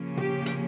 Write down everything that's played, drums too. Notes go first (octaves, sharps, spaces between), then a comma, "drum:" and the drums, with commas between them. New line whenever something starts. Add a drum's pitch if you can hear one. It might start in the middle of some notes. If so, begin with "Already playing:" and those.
Already playing: C#3 F3 A#3 C#4
G4, drum: tom
drum: hi-hat